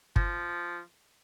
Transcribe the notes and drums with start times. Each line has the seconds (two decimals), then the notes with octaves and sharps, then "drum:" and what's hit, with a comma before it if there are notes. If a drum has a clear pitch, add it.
0.16 F3, drum: kick